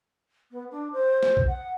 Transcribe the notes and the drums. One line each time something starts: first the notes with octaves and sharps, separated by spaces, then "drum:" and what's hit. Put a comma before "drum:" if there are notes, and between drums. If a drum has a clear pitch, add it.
B3
D4
C5
drum: snare
drum: kick B1
F#5